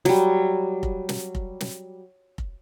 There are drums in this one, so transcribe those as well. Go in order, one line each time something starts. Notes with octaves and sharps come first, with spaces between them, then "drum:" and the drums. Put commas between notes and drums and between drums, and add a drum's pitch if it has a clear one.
F#3 G3, drum: snare
drum: kick F1
drum: snare
drum: kick F1
drum: snare
drum: kick F1